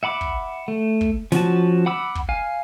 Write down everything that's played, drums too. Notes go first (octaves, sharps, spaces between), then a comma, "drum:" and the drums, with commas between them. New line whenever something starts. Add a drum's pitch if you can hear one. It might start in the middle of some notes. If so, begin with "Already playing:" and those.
E5 F#5 B5 D6
drum: kick
A3
drum: kick
F3 C#4 F#4 A5, drum: snare
F#5 B5 D6 E6
drum: kick
F5 G#5